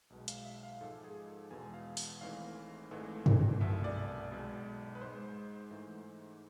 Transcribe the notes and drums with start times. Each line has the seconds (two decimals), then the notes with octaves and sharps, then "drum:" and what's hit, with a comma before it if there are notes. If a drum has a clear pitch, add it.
0.10 B1 B2 G#3
0.28 F5, drum: hi-hat
0.45 E5
0.63 F5
0.81 G#2 F3 G#3 A4
1.04 G#4
1.28 A4
1.51 E2 B2 G#3 G#5
1.74 F5
1.97 drum: open hi-hat
2.21 G#1 G#2 E3 A3 F5
2.91 G#1 G#2 E3 A3
3.26 drum: tom G2
3.60 C2 B2 A3 E5
3.84 D5
4.08 D5
4.31 B1 B2 G#3
4.95 B4
5.01 G#2 G#3 C5
5.71 G#2 E3 A3